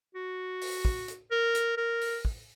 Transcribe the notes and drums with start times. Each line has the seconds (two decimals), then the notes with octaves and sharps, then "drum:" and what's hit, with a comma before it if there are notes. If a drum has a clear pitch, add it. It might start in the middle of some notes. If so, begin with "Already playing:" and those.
0.15 F#4
0.61 drum: open hi-hat
0.85 drum: kick
1.08 drum: hi-hat
1.31 A#4
1.55 drum: hi-hat
1.77 A#4
2.01 drum: open hi-hat
2.25 drum: kick